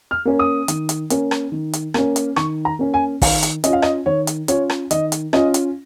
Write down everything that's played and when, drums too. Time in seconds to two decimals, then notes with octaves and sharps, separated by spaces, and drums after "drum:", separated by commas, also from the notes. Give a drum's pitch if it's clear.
0.11 F6
0.25 A#3 C#4
0.39 D#6
0.68 D#3, drum: hi-hat
0.89 drum: hi-hat
1.10 A#3 C#4, drum: hi-hat
1.31 drum: rim click
1.52 D#3
1.73 drum: hi-hat
1.94 A#3 C#4, drum: rim click
2.16 drum: hi-hat
2.36 D#3 C#6, drum: rim click
2.65 A#5
2.79 A#3 C#4
2.94 G#5
3.22 D#3 F5, drum: kick, open hi-hat
3.43 drum: hi-hat
3.64 C#4 F4 D#5, drum: hi-hat
3.73 F5
3.82 D#5, drum: rim click
4.06 D#3 C#5
4.27 drum: hi-hat
4.48 C#4 F4 C#5, drum: hi-hat
4.70 drum: rim click
4.91 D#3 D#5, drum: hi-hat
5.12 drum: hi-hat
5.33 C#4 F4 D#5, drum: rim click
5.54 drum: hi-hat